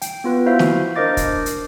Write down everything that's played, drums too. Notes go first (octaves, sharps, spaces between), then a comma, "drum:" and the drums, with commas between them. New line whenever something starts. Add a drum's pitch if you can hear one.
G5, drum: hi-hat
B3 F4 B4
E4 F#4 C5 E5 F5
drum: snare
D4 A#4 C5 D#5 D6 A6
drum: kick, hi-hat
drum: hi-hat